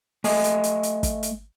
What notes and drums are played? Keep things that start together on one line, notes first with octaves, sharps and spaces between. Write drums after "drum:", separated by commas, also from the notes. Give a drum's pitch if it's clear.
A3 D#5 G#5, drum: open hi-hat
drum: hi-hat
drum: hi-hat
drum: hi-hat
drum: kick, hi-hat
drum: hi-hat